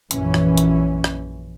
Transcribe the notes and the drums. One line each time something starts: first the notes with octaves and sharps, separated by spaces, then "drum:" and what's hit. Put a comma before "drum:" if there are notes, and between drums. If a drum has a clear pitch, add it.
A#1 F#2 E3 C#4, drum: hi-hat
drum: rim click
drum: hi-hat
drum: rim click